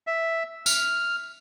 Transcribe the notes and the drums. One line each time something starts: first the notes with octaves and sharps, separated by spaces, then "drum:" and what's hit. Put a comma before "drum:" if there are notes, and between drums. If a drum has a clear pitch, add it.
E5
F6, drum: tambourine